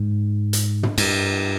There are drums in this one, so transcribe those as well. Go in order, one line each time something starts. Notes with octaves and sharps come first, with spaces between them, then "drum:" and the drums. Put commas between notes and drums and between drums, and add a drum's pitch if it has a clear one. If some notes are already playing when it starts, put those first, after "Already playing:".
Already playing: G#2
drum: hi-hat
drum: tom
G2, drum: cymbal